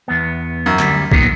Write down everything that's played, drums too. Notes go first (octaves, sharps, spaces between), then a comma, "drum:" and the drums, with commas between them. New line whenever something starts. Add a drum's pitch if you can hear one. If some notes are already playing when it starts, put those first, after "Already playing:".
E2 B3
F#2
D2 G3, drum: clap
A#2 D#3 B3, drum: kick B1